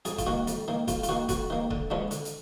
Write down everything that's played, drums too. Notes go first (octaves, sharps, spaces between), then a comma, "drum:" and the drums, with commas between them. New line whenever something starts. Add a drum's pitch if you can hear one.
F2 G#4, drum: hi-hat
F4, drum: kick C#1, hi-hat
D#3 A#3 F#4
F2, drum: hi-hat
D#3 A#3
F2 F4, drum: kick C#1, hi-hat
F4, drum: hi-hat
D#3 A#3 F#4
F2 F#4, drum: kick C#1, hi-hat
D#3 A#3
D3, drum: kick C#1
F3 G#3 B3 D4
D3, drum: hi-hat
drum: hi-hat